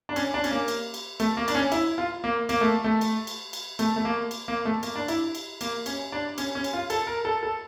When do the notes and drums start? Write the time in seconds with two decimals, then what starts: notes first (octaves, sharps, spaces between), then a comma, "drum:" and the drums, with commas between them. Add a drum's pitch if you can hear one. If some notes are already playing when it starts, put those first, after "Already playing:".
0.09 D4
0.16 C#4, drum: cymbal
0.34 D4
0.44 C#4, drum: cymbal
0.51 A#3
0.68 drum: cymbal
0.94 drum: cymbal
1.20 A3, drum: cymbal
1.37 A#3
1.48 D4, drum: cymbal
1.55 C#4
1.72 E4, drum: cymbal
1.98 F4
2.24 A#3
2.49 A#3, drum: cymbal
2.61 A3
2.84 A3
3.01 drum: cymbal
3.27 drum: cymbal
3.53 drum: cymbal
3.79 A3, drum: cymbal
3.96 A3
4.05 A#3
4.31 drum: cymbal
4.48 A#3
4.65 A3
4.83 A#3, drum: cymbal
4.96 D4
5.08 E4, drum: cymbal
5.35 drum: cymbal
5.61 A#3, drum: cymbal
5.86 C#4, drum: cymbal
6.12 D4
6.38 C#4, drum: cymbal
6.55 C#4
6.64 drum: cymbal
6.73 F4
6.90 A4, drum: cymbal
7.07 A#4
7.25 A4
7.43 A4